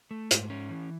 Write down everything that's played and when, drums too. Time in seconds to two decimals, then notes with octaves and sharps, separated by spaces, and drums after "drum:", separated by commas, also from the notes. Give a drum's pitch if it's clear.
0.11 A3
0.31 G#2, drum: hi-hat
0.50 C#4
0.69 E3